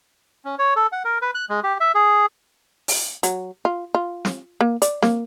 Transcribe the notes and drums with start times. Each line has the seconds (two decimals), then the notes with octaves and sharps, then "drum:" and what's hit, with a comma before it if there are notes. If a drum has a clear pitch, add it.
0.45 C#4
0.59 C#5
0.76 A4
0.92 F#5
1.05 A#4
1.22 B4
1.35 F#6
1.49 G#3
1.64 G4
1.80 E5
1.94 G#4
2.88 drum: open hi-hat
3.23 F#3, drum: hi-hat
3.65 F4
3.95 F4
4.25 drum: snare
4.61 A#3
4.82 D5, drum: hi-hat
5.02 A#3, drum: snare